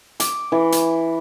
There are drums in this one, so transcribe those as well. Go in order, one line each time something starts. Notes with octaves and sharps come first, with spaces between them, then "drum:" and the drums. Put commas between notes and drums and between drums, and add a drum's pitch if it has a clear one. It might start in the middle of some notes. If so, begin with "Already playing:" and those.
D6, drum: hi-hat
E3
drum: hi-hat